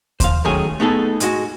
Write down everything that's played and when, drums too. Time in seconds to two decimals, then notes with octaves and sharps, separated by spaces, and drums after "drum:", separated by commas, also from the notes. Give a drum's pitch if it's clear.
0.20 C5 F5, drum: kick D#2, hi-hat
0.45 D#3 F#3 A3 C#4 G#4 C#5
0.80 A3 B3 D#4 G#4 A4
1.20 G#2 G#3 F#4, drum: hi-hat